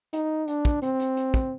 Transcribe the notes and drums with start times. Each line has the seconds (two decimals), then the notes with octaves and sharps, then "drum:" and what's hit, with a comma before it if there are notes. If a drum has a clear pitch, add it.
0.13 D#4, drum: hi-hat
0.48 D4, drum: hi-hat
0.65 drum: kick, hi-hat
0.82 C4, drum: hi-hat
0.99 drum: hi-hat
1.17 drum: hi-hat
1.34 drum: kick, hi-hat